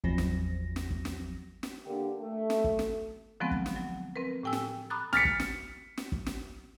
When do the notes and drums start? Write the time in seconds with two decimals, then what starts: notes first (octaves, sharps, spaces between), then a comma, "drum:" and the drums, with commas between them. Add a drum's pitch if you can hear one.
0.04 G#1 E2 F3 F#3 C4 A#6, drum: kick
0.18 drum: snare
0.76 drum: snare
0.90 drum: kick
1.05 drum: snare
1.63 drum: snare
1.85 D3 A#3 D4 G4
2.21 A3
2.50 drum: snare
2.64 drum: kick
2.79 drum: snare
3.40 D3 F3 F#3 G#3 B3 C4
3.51 drum: kick
3.66 drum: snare
3.76 F#3
4.16 C4 A#4 B4
4.43 A2 G4 G5 G#5 E6
4.53 drum: snare
4.90 A#5 B5 D6 D#6 F#6 A6
5.13 F6 A6 B6 C#7, drum: snare
5.25 drum: kick
5.40 drum: snare
5.97 drum: snare
6.12 drum: kick
6.26 drum: snare